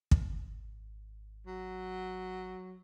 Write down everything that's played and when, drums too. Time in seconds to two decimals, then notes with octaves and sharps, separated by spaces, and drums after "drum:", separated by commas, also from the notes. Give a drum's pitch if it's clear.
0.11 G#1, drum: kick
1.47 F#3